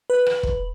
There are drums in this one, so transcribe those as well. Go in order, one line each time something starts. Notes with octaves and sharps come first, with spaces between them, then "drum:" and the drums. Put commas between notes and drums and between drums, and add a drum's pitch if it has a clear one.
B4
drum: rim click
drum: kick